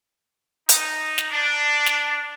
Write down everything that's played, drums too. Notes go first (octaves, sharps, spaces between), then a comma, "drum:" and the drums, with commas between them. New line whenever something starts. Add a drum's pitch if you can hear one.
D#4, drum: hi-hat
drum: snare
D4
drum: snare